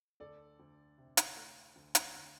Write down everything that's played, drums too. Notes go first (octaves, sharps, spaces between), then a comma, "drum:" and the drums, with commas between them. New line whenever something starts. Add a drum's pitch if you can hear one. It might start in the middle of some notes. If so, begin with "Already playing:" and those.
D2 A4 D5
D2
C3
drum: hi-hat
A3
D2
drum: hi-hat
D2